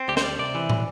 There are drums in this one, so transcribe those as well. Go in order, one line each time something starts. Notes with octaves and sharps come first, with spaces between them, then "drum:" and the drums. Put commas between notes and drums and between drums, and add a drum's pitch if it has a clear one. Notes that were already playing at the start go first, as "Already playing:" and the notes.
Already playing: C4
D2 G4
C5, drum: snare
G3 D5
C3 D5
E3
A2, drum: tom